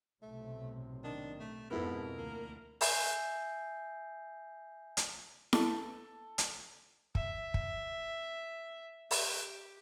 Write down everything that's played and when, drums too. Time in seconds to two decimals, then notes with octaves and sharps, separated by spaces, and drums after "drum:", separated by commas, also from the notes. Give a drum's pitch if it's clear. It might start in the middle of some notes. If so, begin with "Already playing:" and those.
0.22 B1 A2 C3 A3
1.04 D#3 D4
1.40 A3
1.70 F2 G#2 B2 B3 E4 A4 A#4
2.17 D2 A#3
2.81 E5 G#5 D#6 G6 C7, drum: open hi-hat
4.97 drum: hi-hat
5.53 A4, drum: snare E4
6.38 drum: hi-hat
7.15 E5, drum: kick
7.54 drum: kick
9.11 G4, drum: open hi-hat